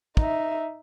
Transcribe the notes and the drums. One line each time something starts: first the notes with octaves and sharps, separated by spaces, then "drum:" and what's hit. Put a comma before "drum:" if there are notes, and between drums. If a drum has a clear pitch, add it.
D#4 E5, drum: kick